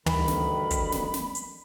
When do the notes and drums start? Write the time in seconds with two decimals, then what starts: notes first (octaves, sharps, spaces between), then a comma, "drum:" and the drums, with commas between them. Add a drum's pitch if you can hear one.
0.06 D2 G2 D#3 E3 B5, drum: tom
0.28 drum: snare
0.71 drum: kick, hi-hat
0.92 drum: snare
1.14 drum: snare
1.35 drum: hi-hat